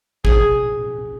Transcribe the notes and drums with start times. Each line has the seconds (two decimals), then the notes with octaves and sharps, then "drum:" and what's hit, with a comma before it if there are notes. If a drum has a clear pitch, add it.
0.25 G#4, drum: kick